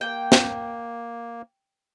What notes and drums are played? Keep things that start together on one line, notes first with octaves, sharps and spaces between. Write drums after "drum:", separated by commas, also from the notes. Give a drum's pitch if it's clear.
A#3 G5
drum: snare